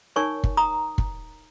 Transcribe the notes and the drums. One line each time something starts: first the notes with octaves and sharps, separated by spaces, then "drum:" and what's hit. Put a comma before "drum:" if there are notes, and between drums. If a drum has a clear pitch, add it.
D#4 A#4 C#5 G#5 C#6
drum: kick
A#5 D#6
drum: kick